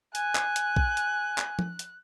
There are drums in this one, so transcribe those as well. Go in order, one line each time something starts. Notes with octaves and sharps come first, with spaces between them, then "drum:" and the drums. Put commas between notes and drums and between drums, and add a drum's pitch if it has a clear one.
G#5 F#6, drum: hi-hat
drum: clap
drum: hi-hat
drum: kick
drum: hi-hat
drum: clap
drum: tom F3
drum: hi-hat